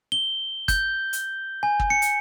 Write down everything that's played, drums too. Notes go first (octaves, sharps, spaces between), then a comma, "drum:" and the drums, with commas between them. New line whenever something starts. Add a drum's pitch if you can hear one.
G7
G6, drum: kick, hi-hat
drum: hi-hat
G#5
drum: kick
C#7
drum: hi-hat